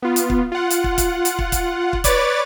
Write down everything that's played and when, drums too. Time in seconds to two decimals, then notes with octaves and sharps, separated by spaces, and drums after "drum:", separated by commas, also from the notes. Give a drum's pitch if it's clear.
0.02 B3 F4
0.16 drum: hi-hat
0.30 drum: kick
0.52 F4 F#5
0.70 drum: hi-hat
0.84 drum: kick
0.98 drum: kick, hi-hat
1.25 drum: hi-hat
1.39 drum: kick
1.52 drum: kick, hi-hat
1.93 drum: kick
2.04 B4 C#5 D5 D6 A6, drum: kick, hi-hat